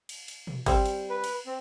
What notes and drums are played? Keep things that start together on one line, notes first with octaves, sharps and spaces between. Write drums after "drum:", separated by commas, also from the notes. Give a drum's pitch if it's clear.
drum: cymbal
drum: cymbal
drum: tom
G3 C4, drum: kick G1, cymbal
drum: cymbal
B4
drum: cymbal
C4